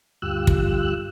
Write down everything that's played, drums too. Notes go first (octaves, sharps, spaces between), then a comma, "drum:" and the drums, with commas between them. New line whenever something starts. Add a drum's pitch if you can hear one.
D2 G2 F4 G4 E6 F#6
drum: kick